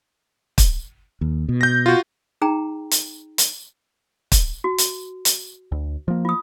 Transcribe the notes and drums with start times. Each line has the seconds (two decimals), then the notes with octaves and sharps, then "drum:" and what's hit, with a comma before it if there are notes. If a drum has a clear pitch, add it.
0.58 drum: kick, hi-hat
1.21 D#2
1.49 B2
1.61 G6 A#6
1.86 F4 F#4
2.42 D#4 G#4 G5 A#5
2.91 drum: hi-hat
3.38 drum: hi-hat
4.32 drum: kick, hi-hat
4.64 F#4
4.78 drum: hi-hat
5.25 drum: hi-hat
5.72 D2
6.08 F3 A#3
6.25 F4 D#6